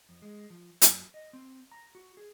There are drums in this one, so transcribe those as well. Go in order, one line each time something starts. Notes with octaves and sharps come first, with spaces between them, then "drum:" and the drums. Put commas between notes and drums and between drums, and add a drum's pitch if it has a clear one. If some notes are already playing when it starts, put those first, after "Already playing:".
F2
G#3
F3
F#2, drum: hi-hat
D#5
C4
A#5
F#4
G#4